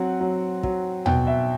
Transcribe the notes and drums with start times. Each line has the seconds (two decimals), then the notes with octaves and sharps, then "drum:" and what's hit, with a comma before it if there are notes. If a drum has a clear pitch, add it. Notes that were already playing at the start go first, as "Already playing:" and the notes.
Already playing: F#3 C4 F#5
0.20 F#3
0.63 F#3, drum: kick
1.06 B2 G5, drum: tom D#2
1.27 E5